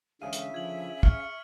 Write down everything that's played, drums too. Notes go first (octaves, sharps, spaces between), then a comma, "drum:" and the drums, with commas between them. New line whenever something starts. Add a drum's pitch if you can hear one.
D3 E3 G#3 C#4 G#4 E5 F5 D#7
drum: hi-hat
D3 F3 G#6 F#7
C#6 F6 G#6 C#7, drum: kick